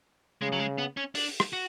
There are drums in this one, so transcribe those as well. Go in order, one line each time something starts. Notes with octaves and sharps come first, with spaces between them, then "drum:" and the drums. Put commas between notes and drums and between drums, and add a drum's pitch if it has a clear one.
C#3 G#3
F#3
G#3
B3
C#4
D4, drum: open hi-hat
drum: rim click
F#4